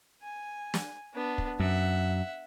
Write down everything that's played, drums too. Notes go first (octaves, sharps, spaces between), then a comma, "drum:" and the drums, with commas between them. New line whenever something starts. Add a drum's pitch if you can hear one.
G#5
drum: snare
B3 D4
drum: kick
F#2 E5 F#5